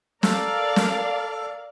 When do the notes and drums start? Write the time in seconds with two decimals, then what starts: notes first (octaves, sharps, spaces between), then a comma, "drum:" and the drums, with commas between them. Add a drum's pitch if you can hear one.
0.23 A4 A#4 D5 F5, drum: snare
0.76 drum: snare